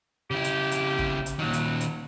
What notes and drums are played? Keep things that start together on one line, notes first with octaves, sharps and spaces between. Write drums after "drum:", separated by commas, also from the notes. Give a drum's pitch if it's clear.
C#3 E4 G4
drum: hi-hat
drum: hi-hat
drum: kick
drum: hi-hat
A#2 D#3 F#3
drum: hi-hat
drum: hi-hat